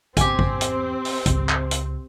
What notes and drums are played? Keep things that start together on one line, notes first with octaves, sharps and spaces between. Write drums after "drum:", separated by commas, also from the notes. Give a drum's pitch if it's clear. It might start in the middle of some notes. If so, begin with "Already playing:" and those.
E2 C4 G4 G#5, drum: kick, hi-hat
drum: kick
drum: hi-hat
drum: open hi-hat
C#2, drum: kick, hi-hat
drum: clap
drum: hi-hat